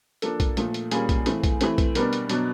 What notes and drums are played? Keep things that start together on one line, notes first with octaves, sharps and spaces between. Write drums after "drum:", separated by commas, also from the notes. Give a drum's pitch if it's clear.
F3 A#3 D4 A4, drum: hi-hat
drum: kick, hi-hat
A#2 F3 A3, drum: hi-hat
drum: hi-hat
A#2 G3 A#3 C#4 G#4, drum: hi-hat
drum: kick, hi-hat
E3 A3 C4, drum: hi-hat
drum: kick, hi-hat
E3 A3 C4, drum: hi-hat
drum: kick, hi-hat
B2 G3 B3 D4 A#4, drum: hi-hat
drum: hi-hat
B2 F#3 B3 D4, drum: hi-hat